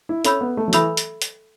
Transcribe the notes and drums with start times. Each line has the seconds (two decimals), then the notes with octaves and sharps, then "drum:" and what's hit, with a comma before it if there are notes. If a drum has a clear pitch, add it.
0.09 E4
0.25 C#4 A4 E5 B5 E6 G6, drum: hi-hat
0.41 B3
0.57 A3
0.68 F#3
0.73 E3 A4 E5 B5 E6 G6, drum: hi-hat
0.97 drum: hi-hat
1.22 drum: hi-hat